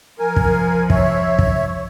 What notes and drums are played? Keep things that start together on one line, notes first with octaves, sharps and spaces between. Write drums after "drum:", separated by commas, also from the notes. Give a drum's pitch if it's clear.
F3 A#4 G#5
drum: kick
C#5 E5, drum: kick
drum: kick